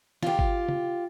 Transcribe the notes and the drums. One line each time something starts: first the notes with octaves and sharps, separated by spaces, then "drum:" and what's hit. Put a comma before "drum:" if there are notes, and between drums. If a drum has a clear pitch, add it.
F4 G4, drum: snare
drum: kick G1
drum: tom